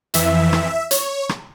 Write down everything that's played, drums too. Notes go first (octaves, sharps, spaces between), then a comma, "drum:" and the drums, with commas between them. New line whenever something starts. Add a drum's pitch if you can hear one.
F2 E3 E5, drum: hi-hat
drum: rim click
C#5, drum: hi-hat
drum: rim click